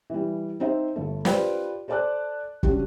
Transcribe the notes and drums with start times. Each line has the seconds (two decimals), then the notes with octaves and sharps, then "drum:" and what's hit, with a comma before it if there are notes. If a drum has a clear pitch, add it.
0.10 E3 G3
0.60 C4 D#4 C5 E5
0.96 G1 A3
1.25 F4 G4 B4 C5 D5 G5, drum: snare
1.88 A4 C5 D5 A5 D6 F#6
2.63 C#3 G3 D4 F#4 G4, drum: kick